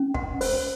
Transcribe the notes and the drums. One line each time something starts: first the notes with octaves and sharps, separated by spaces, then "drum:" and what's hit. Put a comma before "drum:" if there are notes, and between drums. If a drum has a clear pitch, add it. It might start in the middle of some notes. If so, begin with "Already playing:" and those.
Already playing: C#4
F#5, drum: kick
C5, drum: open hi-hat